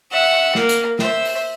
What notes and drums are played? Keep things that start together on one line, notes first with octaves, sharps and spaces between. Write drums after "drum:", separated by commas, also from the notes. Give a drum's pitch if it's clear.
E5 F#5
A#3, drum: snare
drum: hi-hat
C5 E5, drum: snare
drum: open hi-hat